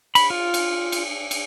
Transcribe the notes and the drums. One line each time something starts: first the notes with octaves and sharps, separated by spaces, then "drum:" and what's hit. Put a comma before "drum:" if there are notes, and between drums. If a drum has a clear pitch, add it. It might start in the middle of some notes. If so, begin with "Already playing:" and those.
B5, drum: cymbal
F4
drum: cymbal
drum: cymbal
drum: cymbal